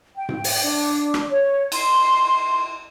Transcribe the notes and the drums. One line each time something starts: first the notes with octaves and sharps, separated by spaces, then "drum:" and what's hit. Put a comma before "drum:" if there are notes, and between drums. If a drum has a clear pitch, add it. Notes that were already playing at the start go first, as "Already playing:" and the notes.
G5
drum: tom G#2
drum: open hi-hat
D4
drum: rim click
C#5
C6, drum: cymbal